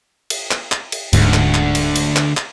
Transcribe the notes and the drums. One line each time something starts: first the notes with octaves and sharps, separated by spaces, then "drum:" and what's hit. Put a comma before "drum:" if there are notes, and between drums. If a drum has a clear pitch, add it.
drum: cymbal
drum: clap
drum: clap
drum: cymbal
D1 D2 G#2, drum: cymbal
drum: clap
drum: clap
drum: cymbal
drum: cymbal
drum: clap
drum: clap